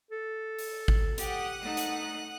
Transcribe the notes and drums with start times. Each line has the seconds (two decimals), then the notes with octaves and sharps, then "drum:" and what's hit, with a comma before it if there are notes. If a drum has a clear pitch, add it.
0.11 A4
0.59 drum: open hi-hat
0.88 drum: kick G#1
1.18 G4 F#5 G5 D#6 F#6, drum: hi-hat
1.61 A3 D#4
1.77 drum: hi-hat